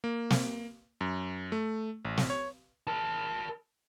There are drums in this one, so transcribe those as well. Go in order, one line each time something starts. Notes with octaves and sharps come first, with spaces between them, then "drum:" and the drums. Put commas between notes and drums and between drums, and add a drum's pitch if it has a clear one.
A#3
drum: snare
F#2
A3
A1
drum: snare
C#5
A#4 A5